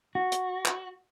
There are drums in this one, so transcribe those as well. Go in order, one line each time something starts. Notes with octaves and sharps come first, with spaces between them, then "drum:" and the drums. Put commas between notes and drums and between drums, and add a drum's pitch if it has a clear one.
F#4
drum: hi-hat
drum: clap